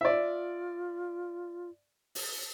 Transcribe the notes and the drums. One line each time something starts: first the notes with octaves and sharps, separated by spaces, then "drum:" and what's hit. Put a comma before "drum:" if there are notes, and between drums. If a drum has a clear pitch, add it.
F4 D5 E5
drum: open hi-hat